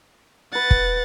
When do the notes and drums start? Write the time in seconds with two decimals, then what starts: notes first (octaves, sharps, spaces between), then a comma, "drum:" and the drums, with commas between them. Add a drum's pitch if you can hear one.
0.52 B4 E5 F#5 A6
0.71 drum: kick